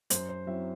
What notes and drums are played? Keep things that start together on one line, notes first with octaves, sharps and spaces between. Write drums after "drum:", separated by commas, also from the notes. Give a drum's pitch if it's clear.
F#2 C5, drum: hi-hat
C5
F#3 C4 E4 E5